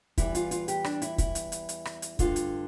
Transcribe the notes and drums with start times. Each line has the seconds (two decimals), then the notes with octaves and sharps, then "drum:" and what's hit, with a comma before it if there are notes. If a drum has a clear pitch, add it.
0.18 E2 E3 G3 E4, drum: kick, hi-hat
0.35 F4, drum: hi-hat
0.51 F4, drum: hi-hat
0.68 G4, drum: hi-hat
0.84 D4, drum: rim click
1.02 E4, drum: hi-hat
1.18 E4, drum: kick, hi-hat
1.35 drum: hi-hat
1.52 drum: hi-hat
1.69 drum: hi-hat
1.85 drum: rim click
2.02 drum: hi-hat
2.19 G2 D3 A3 F4, drum: kick, hi-hat
2.36 drum: hi-hat